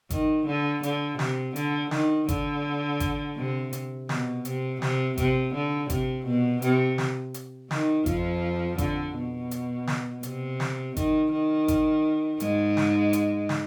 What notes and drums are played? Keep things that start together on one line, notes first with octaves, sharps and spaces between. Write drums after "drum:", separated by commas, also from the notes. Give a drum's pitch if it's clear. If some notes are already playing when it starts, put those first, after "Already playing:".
D#3, drum: kick G#1, hi-hat
D3
D3, drum: hi-hat
C3, drum: snare
D3, drum: hi-hat
D#3, drum: snare
D3, drum: kick G#1, hi-hat
drum: kick G#1, hi-hat
C3
drum: hi-hat
B2, drum: snare
C3, drum: hi-hat
C3, drum: snare
C3, drum: kick G#1, hi-hat
D3
C3, drum: kick G#1, hi-hat
B2
C3, drum: hi-hat
drum: snare
drum: hi-hat
D#3, drum: snare
F2 F3, drum: kick G#1, hi-hat
D3, drum: kick G#1, hi-hat
B2
drum: hi-hat
drum: snare
C3, drum: hi-hat
drum: snare
D#3, drum: kick G#1, hi-hat
D#3
drum: kick G#1, hi-hat
G#2 G#3, drum: hi-hat
drum: snare
drum: hi-hat
drum: snare